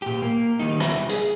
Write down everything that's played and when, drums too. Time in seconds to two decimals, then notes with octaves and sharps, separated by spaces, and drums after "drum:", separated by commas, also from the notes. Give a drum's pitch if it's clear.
0.02 A#2 G4
0.22 A#3
0.59 D#3 G3 D#4
0.80 G3 E5, drum: rim click
1.09 G#4, drum: hi-hat